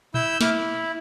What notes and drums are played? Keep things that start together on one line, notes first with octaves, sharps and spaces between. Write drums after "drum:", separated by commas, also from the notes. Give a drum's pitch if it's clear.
E4 E6 G6, drum: tom A#2
E4 D6 F6, drum: snare